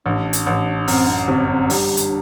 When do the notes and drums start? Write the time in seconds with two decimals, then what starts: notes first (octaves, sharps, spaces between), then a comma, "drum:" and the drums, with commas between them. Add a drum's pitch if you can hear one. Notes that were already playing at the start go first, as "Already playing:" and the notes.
0.06 A1 D4
0.33 drum: hi-hat
0.46 A1
0.88 F#2 C4, drum: open hi-hat
1.08 D4
1.28 G1 C4
1.49 C4
1.70 G3 D4, drum: open hi-hat
1.97 drum: hi-hat